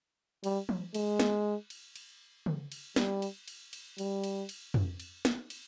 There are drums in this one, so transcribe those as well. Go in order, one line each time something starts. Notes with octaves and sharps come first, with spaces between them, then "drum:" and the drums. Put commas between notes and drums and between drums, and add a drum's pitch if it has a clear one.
G3, drum: cymbal
drum: tom
G#3, drum: cymbal
drum: snare
drum: cymbal
drum: cymbal
drum: tom C#3
drum: cymbal
G3, drum: snare
drum: cymbal
drum: cymbal
drum: cymbal
G3, drum: cymbal
drum: cymbal
drum: cymbal
drum: tom
drum: cymbal
drum: snare
drum: cymbal